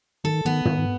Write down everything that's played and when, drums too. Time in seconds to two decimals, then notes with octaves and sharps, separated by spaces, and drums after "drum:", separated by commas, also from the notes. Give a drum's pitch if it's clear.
0.24 D#3 A4
0.45 D#3 B3
0.65 D#3, drum: tom